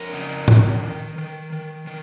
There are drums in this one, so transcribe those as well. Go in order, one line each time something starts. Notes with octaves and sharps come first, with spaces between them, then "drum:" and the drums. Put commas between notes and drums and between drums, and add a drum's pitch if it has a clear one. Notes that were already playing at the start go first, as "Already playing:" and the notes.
Already playing: F2 A#4
C#3
D#3, drum: tom A2
D#3
D#3
D#3
D#3